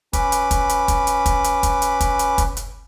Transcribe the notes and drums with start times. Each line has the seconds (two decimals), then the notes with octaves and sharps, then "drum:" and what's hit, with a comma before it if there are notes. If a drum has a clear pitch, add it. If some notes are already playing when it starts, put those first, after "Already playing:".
0.13 C#4 B4 B5 D6, drum: kick, hi-hat
0.32 drum: hi-hat
0.51 drum: kick, hi-hat
0.69 drum: hi-hat
0.88 drum: kick, hi-hat
1.07 drum: hi-hat
1.26 drum: kick, hi-hat
1.44 drum: hi-hat
1.63 drum: kick, hi-hat
1.82 drum: hi-hat
2.00 drum: kick, hi-hat
2.19 drum: hi-hat
2.38 drum: kick, hi-hat
2.57 drum: hi-hat